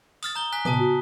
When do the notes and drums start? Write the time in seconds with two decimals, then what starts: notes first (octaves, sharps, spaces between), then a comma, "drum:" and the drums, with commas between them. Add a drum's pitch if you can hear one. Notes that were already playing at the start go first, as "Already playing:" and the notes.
0.23 D#6 F6 A6, drum: open hi-hat
0.35 A#5 G6 G7
0.52 G#5 F#6 B6
0.65 C#3 B3 A5 D#6 F#6, drum: tom A2
0.79 F#4